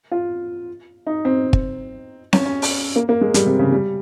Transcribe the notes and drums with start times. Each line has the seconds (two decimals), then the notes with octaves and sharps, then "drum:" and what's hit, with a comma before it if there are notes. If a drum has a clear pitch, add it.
0.11 F4
1.07 D#4
1.25 C4
1.53 drum: kick
2.33 C#4, drum: snare C4
2.46 C#4
2.62 drum: open hi-hat
2.96 A#3
3.09 A#3
3.21 G#3
3.34 G3, drum: hi-hat
3.46 C3
3.59 C#3
3.72 G3